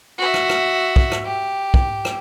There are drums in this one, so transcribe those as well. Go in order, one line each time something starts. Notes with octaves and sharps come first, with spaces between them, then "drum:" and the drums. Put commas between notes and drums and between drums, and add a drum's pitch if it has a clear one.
F#4 E5
drum: rim click
drum: rim click
drum: kick
drum: rim click
G4
drum: kick
drum: rim click